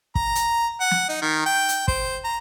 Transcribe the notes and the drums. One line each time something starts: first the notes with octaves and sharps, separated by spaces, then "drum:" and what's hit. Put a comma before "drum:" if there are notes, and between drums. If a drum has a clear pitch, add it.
A#5, drum: kick
drum: hi-hat
F#5
drum: snare
D#4
D#3
G5
drum: hi-hat
C5, drum: kick
A#5